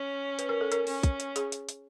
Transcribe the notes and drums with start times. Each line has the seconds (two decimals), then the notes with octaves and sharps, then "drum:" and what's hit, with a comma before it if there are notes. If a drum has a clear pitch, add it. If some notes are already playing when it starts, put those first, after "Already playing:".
Already playing: C#4
0.39 B4, drum: hi-hat
0.49 A#4
0.61 A4
0.72 A#4, drum: hi-hat
0.87 C#4, drum: open hi-hat
1.03 drum: kick, hi-hat
1.20 drum: hi-hat
1.36 G#4, drum: hi-hat
1.52 drum: hi-hat
1.69 drum: hi-hat